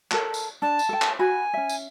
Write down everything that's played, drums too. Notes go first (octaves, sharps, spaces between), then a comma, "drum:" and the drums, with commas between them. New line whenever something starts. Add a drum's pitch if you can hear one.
A4 A#4 A5, drum: clap
drum: tambourine
D4 A5
drum: tambourine
A4 G5
drum: clap
F#4 G#5 B5
C#4 E5
drum: tambourine